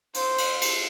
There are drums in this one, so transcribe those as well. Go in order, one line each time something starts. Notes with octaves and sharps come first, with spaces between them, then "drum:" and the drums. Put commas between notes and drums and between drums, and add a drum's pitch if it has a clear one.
C5, drum: cymbal
drum: cymbal
drum: cymbal